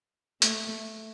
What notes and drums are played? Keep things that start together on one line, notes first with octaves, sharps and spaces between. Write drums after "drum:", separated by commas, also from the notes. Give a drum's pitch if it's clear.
A3, drum: hi-hat